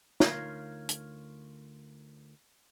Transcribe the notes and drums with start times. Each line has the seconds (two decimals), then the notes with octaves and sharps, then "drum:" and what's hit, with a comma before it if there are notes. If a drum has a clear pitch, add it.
0.20 D2 D#4 F4 A#4 C#5 F5, drum: snare
0.89 drum: hi-hat